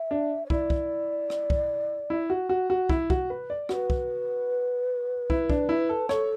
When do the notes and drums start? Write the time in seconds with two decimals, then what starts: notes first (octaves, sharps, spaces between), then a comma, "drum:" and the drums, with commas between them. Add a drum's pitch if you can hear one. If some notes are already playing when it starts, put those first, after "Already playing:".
Already playing: E5
0.11 D4
0.46 C#5
0.50 E4 D5, drum: kick
0.70 drum: kick
1.30 drum: rim click
1.50 drum: kick
2.10 E4
2.30 F#4
2.49 F#4
2.70 F#4
2.89 E4, drum: kick
3.10 F#4, drum: kick
3.30 B4
3.50 D5
3.69 F#4 B4, drum: rim click
3.90 drum: kick
5.30 E4, drum: kick
5.50 D4, drum: kick
5.69 E4
5.89 A4
6.09 A4 C#5, drum: rim click